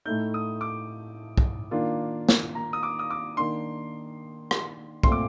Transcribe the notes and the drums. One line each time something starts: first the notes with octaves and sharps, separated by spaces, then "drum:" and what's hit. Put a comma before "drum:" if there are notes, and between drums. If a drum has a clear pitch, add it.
A2 A3 D#4 G6
D#6
D6
drum: kick
D#3 A#3 D4 F4
drum: snare
A#5
D#6
D6
D#6
D6
D#3 A#3 D4 C6
drum: rim click
A#2 A3 C4 C6, drum: kick
D6